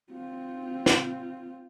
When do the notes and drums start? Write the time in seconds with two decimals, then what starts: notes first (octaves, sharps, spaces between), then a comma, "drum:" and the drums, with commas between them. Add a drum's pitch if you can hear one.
0.12 C4 F4
0.86 drum: snare